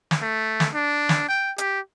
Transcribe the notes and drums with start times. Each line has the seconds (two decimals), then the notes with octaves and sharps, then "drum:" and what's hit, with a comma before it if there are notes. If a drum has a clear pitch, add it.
0.11 drum: snare
0.22 A3
0.60 drum: snare
0.74 D4
1.09 drum: snare
1.28 G5
1.58 G4, drum: hi-hat